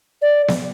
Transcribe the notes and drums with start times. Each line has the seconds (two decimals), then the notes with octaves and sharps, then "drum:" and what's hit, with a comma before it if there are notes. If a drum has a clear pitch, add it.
0.21 D5
0.48 drum: snare B3